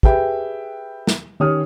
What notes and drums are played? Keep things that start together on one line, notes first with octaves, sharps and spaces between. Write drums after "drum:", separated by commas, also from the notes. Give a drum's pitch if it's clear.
G4 G#4 B4 E5 G5, drum: kick
drum: snare
D#3 C#4 G4 C#5 D#6 F6